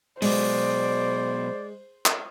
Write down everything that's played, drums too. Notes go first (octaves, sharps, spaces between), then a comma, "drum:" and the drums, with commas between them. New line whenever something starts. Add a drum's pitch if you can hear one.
B2 F#3 G#3 C5 D5, drum: open hi-hat
drum: clap